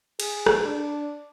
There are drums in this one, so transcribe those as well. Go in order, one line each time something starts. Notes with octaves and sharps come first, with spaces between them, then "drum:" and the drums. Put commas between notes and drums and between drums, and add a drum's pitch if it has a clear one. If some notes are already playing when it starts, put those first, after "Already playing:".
G#4, drum: cymbal
drum: rim click
D4